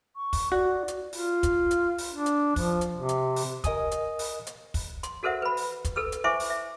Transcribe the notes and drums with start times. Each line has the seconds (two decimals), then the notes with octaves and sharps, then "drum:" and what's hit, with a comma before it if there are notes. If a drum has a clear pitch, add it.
0.16 C#6
0.33 drum: kick, open hi-hat
0.52 F#4 D5
0.88 drum: hi-hat
1.13 F4, drum: open hi-hat
1.43 drum: kick, hi-hat
1.71 drum: hi-hat
1.98 drum: open hi-hat
2.10 D4
2.26 drum: hi-hat
2.56 F3, drum: kick, open hi-hat
2.81 drum: hi-hat
2.96 C3
3.09 drum: hi-hat
3.36 drum: open hi-hat
3.64 A#4 D#5 G#5 D#6, drum: kick, hi-hat
3.91 drum: hi-hat
4.19 drum: open hi-hat
4.47 drum: hi-hat
4.74 drum: kick, open hi-hat
5.03 C6, drum: hi-hat
5.23 F#4 A4 A#4 C5 E5 F#5
5.42 B4 B5
5.57 drum: open hi-hat
5.85 drum: kick, hi-hat
5.96 A4 B4 E6
6.12 drum: hi-hat
6.24 E4 C5 E5 G#5 C#6 D6
6.40 drum: open hi-hat
6.50 E5